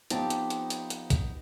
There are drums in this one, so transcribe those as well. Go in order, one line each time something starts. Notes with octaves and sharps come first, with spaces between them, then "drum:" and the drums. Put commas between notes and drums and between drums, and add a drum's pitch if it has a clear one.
F3 B3 C4 D#4 G4 A5, drum: hi-hat
drum: hi-hat
drum: hi-hat
drum: hi-hat
drum: hi-hat
drum: kick, hi-hat